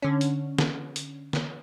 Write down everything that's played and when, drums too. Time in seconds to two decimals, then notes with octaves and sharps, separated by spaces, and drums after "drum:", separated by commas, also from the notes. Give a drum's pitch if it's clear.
0.02 D3 C#4
0.21 drum: hi-hat
0.59 drum: snare
0.96 drum: hi-hat
1.33 drum: snare